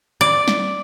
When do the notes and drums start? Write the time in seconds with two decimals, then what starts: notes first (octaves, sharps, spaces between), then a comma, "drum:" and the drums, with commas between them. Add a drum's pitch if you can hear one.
0.21 D5
0.48 drum: snare